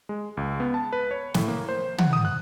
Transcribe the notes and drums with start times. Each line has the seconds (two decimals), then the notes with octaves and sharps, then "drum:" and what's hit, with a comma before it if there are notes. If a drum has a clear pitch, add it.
0.09 G#3
0.37 C#2
0.60 B3
0.74 A5
0.93 B4
1.11 C#5
1.34 A2, drum: snare
1.48 A#3
1.69 C5
1.98 F#5, drum: tom
2.13 D#6
2.25 F#6